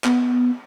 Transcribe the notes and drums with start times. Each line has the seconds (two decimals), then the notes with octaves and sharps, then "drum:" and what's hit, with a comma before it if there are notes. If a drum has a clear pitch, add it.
0.04 B3, drum: clap